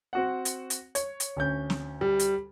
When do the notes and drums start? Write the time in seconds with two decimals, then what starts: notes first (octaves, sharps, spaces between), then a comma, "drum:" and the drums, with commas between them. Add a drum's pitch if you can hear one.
0.13 C4 F#4 F#5
0.45 drum: hi-hat
0.70 drum: hi-hat
0.95 C#5, drum: hi-hat
1.20 drum: hi-hat
1.36 D2 C#4 G6
1.70 drum: snare
2.01 G3
2.19 drum: hi-hat